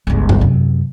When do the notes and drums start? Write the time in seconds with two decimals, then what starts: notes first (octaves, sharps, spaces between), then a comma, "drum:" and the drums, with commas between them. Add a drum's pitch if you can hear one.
0.07 G1 C#2
0.29 drum: tom G2
0.41 F#2 C3